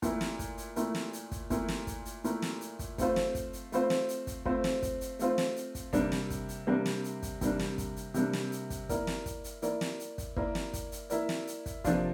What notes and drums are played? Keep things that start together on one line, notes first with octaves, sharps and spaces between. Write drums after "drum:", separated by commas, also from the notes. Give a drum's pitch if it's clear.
A#2 A3 E4 A#4, drum: kick, hi-hat
drum: snare
drum: kick, hi-hat
drum: hi-hat
A#2 A3 E4 A#4, drum: hi-hat
drum: snare
drum: hi-hat
drum: kick, hi-hat
A#2 A3 E4 A#4, drum: kick, hi-hat
drum: snare
drum: kick, hi-hat
drum: hi-hat
A#2 A3 E4 A#4, drum: hi-hat
drum: snare
drum: hi-hat
drum: kick, hi-hat
A3 C4 F4 C5, drum: kick, hi-hat
drum: snare
drum: kick, hi-hat
drum: hi-hat
A3 C4 F4 C5, drum: hi-hat
drum: snare
drum: hi-hat
drum: kick, hi-hat
A3 C4 F4 C5, drum: kick
drum: snare
drum: kick, hi-hat
drum: hi-hat
A3 C4 F4 C5, drum: hi-hat
drum: snare
drum: hi-hat
drum: kick, hi-hat
C3 G3 A#3 D4, drum: kick, hi-hat
drum: snare
drum: kick, hi-hat
drum: hi-hat
C3 G3 A#3 D4
drum: snare
drum: hi-hat
drum: kick, hi-hat
C3 G3 A#3 D4, drum: kick, hi-hat
drum: snare
drum: kick, hi-hat
drum: hi-hat
C3 G3 A#3 D4, drum: hi-hat
drum: snare
drum: hi-hat
drum: kick, hi-hat
A#3 E4 A#4 D5, drum: kick, hi-hat
drum: snare
drum: kick, hi-hat
drum: hi-hat
A#3 E4 A#4 D5, drum: hi-hat
drum: snare
drum: hi-hat
drum: kick, hi-hat
A#3 E4 A#4 D5, drum: kick
drum: snare
drum: kick, hi-hat
drum: hi-hat
A#3 E4 A#4 D5, drum: hi-hat
drum: snare
drum: hi-hat
drum: kick, hi-hat
C3 F3 A#3 D4 F4, drum: kick, hi-hat